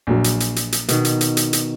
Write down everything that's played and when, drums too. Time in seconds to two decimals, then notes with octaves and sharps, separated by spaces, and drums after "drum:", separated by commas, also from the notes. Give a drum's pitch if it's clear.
0.07 A#1 F#3
0.24 drum: hi-hat
0.40 drum: hi-hat
0.56 drum: hi-hat
0.72 drum: hi-hat
0.89 B2 D#3, drum: hi-hat
1.05 drum: hi-hat
1.21 drum: hi-hat
1.37 drum: hi-hat
1.53 drum: hi-hat